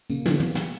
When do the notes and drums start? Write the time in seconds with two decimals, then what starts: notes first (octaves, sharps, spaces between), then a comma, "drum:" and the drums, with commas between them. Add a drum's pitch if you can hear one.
0.10 C#3 A#3, drum: tambourine
0.26 E3, drum: snare
0.29 D3 B3
0.40 drum: tom
0.55 drum: snare